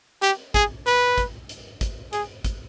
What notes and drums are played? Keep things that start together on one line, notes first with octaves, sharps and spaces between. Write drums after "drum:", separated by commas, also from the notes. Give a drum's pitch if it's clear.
G4, drum: hi-hat
G#4, drum: kick G#1, hi-hat
B4, drum: hi-hat
drum: kick G#1, hi-hat
drum: hi-hat
drum: kick G#1, hi-hat
G#4, drum: hi-hat
drum: kick G#1, hi-hat